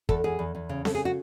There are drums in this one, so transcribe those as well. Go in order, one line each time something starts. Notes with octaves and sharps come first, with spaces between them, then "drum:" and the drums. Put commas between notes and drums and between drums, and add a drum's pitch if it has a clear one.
E2 A4, drum: kick
E2 G#4
E2
E2
C#3
C#3 A4, drum: snare C4
G#4
F#4